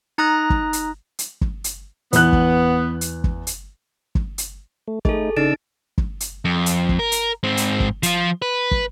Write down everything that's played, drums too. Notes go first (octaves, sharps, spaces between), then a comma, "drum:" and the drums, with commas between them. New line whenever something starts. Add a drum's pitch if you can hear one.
D#4 A#5 D#6 F#6 A#6
drum: kick
drum: hi-hat
drum: hi-hat
drum: kick
drum: hi-hat
E2 B3 F#6, drum: hi-hat
drum: kick
drum: hi-hat
drum: kick
drum: hi-hat
drum: kick
drum: hi-hat
A3
A3 D#4 G#4 A4, drum: kick
C#3 D4 D#4 E6 A6 D7
drum: kick
drum: hi-hat
F2
drum: hi-hat
drum: kick
A#4
drum: hi-hat
G#2 C4
drum: hi-hat
drum: kick
F3 F4, drum: hi-hat
B4
drum: kick